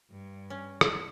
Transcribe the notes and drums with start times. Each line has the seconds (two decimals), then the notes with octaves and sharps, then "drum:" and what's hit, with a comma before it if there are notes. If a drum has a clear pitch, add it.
0.11 G2
0.50 C#4
0.81 drum: rim click